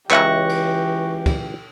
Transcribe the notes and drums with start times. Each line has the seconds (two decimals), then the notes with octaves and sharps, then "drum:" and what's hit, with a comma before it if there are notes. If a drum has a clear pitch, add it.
0.11 C#2 E3 G4 E5 G5 C#6 F#6 A#6, drum: clap
0.49 drum: cymbal
1.26 drum: kick, cymbal